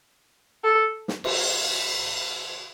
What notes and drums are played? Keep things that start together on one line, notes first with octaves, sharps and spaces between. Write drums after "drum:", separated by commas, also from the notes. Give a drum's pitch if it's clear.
A4
drum: snare
drum: cymbal